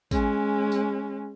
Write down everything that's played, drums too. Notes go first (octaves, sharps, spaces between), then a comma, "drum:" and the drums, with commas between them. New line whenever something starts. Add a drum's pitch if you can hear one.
G#3 C#4, drum: kick, tambourine
drum: tambourine